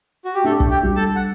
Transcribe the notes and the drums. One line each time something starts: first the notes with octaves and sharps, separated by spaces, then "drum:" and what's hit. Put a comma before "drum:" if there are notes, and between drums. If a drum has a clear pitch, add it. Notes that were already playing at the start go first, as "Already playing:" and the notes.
F#4
G4
A3 D4 A4
drum: kick
G4 G5
G3
A4 A5
F#5